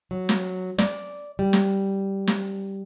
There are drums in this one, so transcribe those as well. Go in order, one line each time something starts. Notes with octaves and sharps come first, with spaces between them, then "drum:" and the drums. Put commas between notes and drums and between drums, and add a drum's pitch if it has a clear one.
F#3
drum: snare
D5, drum: snare
G3
drum: snare
drum: snare